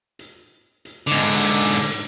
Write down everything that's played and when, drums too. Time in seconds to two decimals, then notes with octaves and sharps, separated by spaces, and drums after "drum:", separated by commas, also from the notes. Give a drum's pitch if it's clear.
0.19 drum: hi-hat
0.85 drum: hi-hat
1.07 G#2 D3, drum: hi-hat
1.29 drum: hi-hat
1.51 drum: hi-hat
1.73 drum: open hi-hat